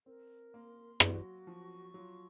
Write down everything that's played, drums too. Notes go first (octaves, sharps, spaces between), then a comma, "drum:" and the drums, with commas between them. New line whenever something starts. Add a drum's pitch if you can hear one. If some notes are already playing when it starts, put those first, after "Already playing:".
C4 A#4
A#3 C6
F#3 F#4, drum: rim click
F3 C#6
F#3 F4